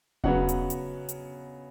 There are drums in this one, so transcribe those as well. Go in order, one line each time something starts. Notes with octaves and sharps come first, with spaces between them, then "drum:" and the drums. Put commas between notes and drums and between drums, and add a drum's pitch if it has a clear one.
C#3 F#3 B3 F#5, drum: kick E1
drum: hi-hat
drum: hi-hat
drum: hi-hat